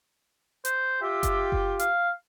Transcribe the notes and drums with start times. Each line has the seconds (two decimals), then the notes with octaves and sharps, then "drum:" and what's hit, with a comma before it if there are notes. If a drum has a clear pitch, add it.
0.65 C5, drum: hi-hat
1.02 F4 G4 E5
1.23 drum: kick F#1, hi-hat
1.52 drum: kick F#1
1.79 F5, drum: hi-hat